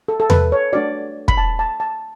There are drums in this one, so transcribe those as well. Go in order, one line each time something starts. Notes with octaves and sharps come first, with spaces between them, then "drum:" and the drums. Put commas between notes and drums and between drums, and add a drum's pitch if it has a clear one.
A4
A4
B4, drum: tom E2
C#5
A3 D4 F#4 D5
B5, drum: kick
A5
A5
A5